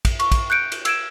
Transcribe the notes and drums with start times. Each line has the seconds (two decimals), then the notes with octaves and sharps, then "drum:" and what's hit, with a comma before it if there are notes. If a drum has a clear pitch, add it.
0.05 drum: kick, cymbal
0.20 C#6, drum: cymbal
0.32 drum: kick, cymbal
0.50 F#6 G6 C#7 D7
0.72 drum: cymbal
0.85 E6 G#6 D7 E7, drum: cymbal